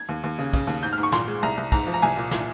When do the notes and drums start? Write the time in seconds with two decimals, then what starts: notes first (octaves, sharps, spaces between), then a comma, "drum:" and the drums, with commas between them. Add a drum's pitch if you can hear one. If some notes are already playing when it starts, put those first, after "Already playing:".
Already playing: G#6
0.09 D#2
0.24 D#2
0.39 C#3
0.53 C#3, drum: kick, cymbal
0.67 D#2
0.83 G#2 G6
0.93 F6
0.98 G#2
1.03 C#6
1.12 A#2 C6, drum: snare
1.28 G#3
1.43 C2 A#5
1.57 C2
1.72 G#2 A#5, drum: kick, cymbal
1.87 F3
1.94 A#5
2.02 C2 G#5
2.17 A#2
2.31 A#2, drum: snare